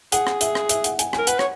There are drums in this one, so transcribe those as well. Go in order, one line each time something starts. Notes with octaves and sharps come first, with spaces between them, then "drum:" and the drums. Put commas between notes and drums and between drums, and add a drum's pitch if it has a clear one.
G#4 F#5, drum: hi-hat
drum: rim click
E5, drum: hi-hat
drum: rim click
E5, drum: hi-hat
F#5, drum: hi-hat
G#5, drum: hi-hat
G#5, drum: rim click
A#4
B4 F#5, drum: hi-hat
C#5, drum: rim click